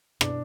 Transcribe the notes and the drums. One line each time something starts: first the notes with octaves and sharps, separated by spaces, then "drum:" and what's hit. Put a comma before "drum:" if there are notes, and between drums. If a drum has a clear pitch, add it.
B2 D4, drum: rim click